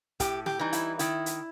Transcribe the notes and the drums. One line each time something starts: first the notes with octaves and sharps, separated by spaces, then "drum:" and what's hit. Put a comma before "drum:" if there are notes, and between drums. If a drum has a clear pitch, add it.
A2 G4, drum: kick, hi-hat
G4, drum: snare
E3 G3 D#4
E4, drum: hi-hat
D#3 E4, drum: hi-hat
drum: hi-hat